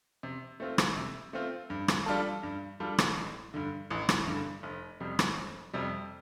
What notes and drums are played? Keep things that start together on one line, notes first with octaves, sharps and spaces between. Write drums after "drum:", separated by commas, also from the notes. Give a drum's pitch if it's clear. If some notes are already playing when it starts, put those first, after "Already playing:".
C3
A3 C4 F4
drum: rim click
C3
A3 C4 F4
G2
drum: rim click
G3 D4 F4 A4
G2
G3 D4 F4 A4
drum: rim click
A1
G2 D3
A1
drum: rim click
G2 D3
F1
F2 C3 G3
drum: rim click
F1
F2 C3 G3